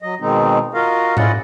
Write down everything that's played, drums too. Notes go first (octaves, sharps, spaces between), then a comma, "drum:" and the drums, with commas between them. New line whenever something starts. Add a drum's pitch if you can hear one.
F#3 D#5
B2 D#3 G#3 C4 D#4
F4 F#4 A#4 D#5 F5
C#4 E4 F4 D5 D#5 F#5, drum: tom G#2